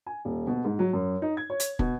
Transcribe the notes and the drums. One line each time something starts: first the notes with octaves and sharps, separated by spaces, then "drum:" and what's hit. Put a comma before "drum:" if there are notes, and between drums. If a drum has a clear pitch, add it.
G#5
D#1
B2
G#2
F#3
F#2
D#4
G#6
C#5
drum: hi-hat
B2, drum: kick